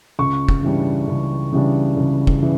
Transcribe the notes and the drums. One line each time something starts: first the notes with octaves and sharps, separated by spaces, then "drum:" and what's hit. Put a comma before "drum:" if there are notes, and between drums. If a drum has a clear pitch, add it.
C#2 C#6
drum: kick
C#3 E3 G3 D4
C#2
C#3 E3 G3 D4
C#2
drum: kick
C#3 E3